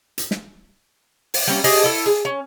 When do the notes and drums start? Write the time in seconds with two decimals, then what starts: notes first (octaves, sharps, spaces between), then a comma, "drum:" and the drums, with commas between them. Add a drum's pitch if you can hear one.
0.18 drum: hi-hat
0.31 drum: snare
1.34 drum: open hi-hat
1.47 G3 A#3 C#4
1.64 G4 G#4 D#5 A5, drum: open hi-hat
1.84 E4 A4
2.06 G#4
2.25 C#4